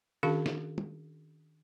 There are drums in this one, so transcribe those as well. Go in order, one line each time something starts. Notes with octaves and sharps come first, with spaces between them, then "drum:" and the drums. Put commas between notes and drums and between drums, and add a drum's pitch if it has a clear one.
D#3 C#4 D4 F#4 G#4 F5
drum: snare
drum: tom